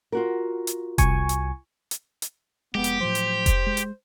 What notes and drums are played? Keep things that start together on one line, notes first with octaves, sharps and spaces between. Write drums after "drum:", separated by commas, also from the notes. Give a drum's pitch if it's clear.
F4 F#4 A#4
drum: hi-hat
C2 G#5 C#6, drum: kick F1, hi-hat
drum: hi-hat
drum: hi-hat
drum: hi-hat
F1 G#3 B3 G4
drum: hi-hat
A2 F3 F#3 C5
drum: hi-hat
drum: kick F1, hi-hat
G#3
drum: hi-hat